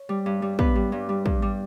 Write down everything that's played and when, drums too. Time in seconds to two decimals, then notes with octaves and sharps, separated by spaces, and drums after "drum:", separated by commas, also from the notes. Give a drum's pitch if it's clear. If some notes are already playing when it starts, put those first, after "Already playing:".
Already playing: C#5
0.09 G3
0.26 G2
0.42 G3
0.59 G2 B3 B4, drum: kick
0.75 G3
0.92 G2
1.09 G3
1.26 G2, drum: kick
1.42 G3